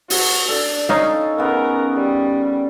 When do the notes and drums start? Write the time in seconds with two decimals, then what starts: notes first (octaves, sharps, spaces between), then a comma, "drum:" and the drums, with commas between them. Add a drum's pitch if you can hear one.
0.10 F#4, drum: open hi-hat
0.49 D4 A4
0.89 C#4 D#4 F5
1.38 C#3 B3 A#4
1.94 G3